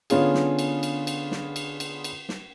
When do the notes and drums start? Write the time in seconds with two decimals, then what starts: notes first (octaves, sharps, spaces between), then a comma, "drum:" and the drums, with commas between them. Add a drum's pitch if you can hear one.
0.10 D3 B3 C#4 F4 G#4, drum: cymbal
0.34 drum: snare
0.59 drum: cymbal
0.83 drum: cymbal
1.07 drum: cymbal
1.32 drum: snare
1.56 drum: cymbal
1.80 drum: cymbal
2.04 drum: cymbal
2.29 drum: snare